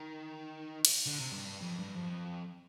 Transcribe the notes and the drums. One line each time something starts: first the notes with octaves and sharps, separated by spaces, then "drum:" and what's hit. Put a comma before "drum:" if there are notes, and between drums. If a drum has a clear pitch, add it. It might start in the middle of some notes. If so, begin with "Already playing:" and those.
Already playing: D#3
drum: cymbal
D3
C3
G2
G2
F2
G2
F2